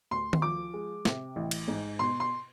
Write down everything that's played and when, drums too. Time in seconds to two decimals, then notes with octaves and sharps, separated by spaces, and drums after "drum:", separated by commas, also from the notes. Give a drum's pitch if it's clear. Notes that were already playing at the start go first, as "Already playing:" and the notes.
0.11 D2 C6
0.33 drum: tom D#3
0.42 F3 D6
0.74 G#3
1.05 C3, drum: snare
1.36 A1
1.51 drum: cymbal
1.68 G#2
1.99 B2 C6
2.20 C6